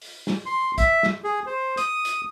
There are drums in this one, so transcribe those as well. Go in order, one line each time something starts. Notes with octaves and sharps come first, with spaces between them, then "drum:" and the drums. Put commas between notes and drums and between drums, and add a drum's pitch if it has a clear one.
drum: open hi-hat
drum: snare
C6
E5, drum: kick, hi-hat
drum: snare
G#4
C5
D#6, drum: hi-hat
drum: hi-hat